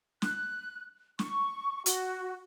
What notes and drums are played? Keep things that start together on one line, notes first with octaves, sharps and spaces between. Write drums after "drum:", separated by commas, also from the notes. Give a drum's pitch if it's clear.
F#6, drum: snare
C#6, drum: snare
F#4, drum: hi-hat